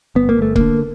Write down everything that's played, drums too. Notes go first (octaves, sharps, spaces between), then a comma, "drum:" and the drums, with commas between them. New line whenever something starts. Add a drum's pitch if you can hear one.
G1 B3
A#3
G1 A3
D3 A#3, drum: kick C#1